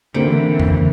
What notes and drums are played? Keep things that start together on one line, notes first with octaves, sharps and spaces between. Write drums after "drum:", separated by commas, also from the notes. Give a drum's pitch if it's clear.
D3 E3 A#3 C4 G5 C#7
drum: tom F2